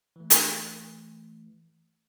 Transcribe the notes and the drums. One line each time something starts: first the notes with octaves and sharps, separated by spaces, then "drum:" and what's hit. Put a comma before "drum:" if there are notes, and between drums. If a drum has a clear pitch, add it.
E3 A3
drum: hi-hat